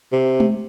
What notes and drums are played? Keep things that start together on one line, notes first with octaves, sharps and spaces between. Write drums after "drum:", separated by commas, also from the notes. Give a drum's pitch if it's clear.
C3
drum: tom G#3